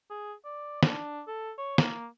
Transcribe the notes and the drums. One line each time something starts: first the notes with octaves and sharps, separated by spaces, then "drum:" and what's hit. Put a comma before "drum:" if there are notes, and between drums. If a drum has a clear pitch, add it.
G#4
D5
D4, drum: snare
A4
C#5
A#3, drum: snare